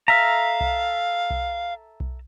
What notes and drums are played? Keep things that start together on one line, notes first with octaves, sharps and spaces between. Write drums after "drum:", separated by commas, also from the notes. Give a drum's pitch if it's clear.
A4 E5 F5 A#5 B6
drum: kick B1
drum: kick B1
drum: kick B1